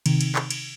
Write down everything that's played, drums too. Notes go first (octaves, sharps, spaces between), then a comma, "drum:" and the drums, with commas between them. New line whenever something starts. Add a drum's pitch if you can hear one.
C3 D#3, drum: cymbal
drum: cymbal
drum: clap
drum: cymbal